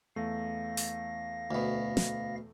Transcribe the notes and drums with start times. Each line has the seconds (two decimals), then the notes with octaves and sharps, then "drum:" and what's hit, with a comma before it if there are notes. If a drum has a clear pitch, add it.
0.16 E2 A3 F5 A#6
0.77 drum: open hi-hat
1.51 D2 B2
1.97 drum: snare